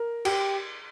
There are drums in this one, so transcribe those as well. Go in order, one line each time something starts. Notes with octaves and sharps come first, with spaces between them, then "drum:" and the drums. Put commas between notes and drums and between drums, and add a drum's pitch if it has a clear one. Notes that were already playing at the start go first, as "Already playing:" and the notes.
Already playing: A#4
G4, drum: cymbal